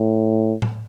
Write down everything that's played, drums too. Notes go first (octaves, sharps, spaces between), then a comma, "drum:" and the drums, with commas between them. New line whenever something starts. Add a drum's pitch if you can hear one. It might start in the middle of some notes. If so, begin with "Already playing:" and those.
Already playing: A2
drum: tom A2